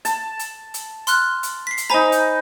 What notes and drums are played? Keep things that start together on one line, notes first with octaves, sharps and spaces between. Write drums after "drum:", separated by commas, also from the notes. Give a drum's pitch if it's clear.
A5, drum: hi-hat
drum: hi-hat
drum: hi-hat
C6 F6 F#6, drum: hi-hat
drum: hi-hat
B6 C7
drum: hi-hat
D#4 C5 G#5 A#5 B5
drum: hi-hat